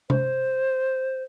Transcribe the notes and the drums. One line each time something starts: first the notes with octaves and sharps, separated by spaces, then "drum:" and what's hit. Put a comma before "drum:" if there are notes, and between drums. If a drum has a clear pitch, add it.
C5, drum: tom C3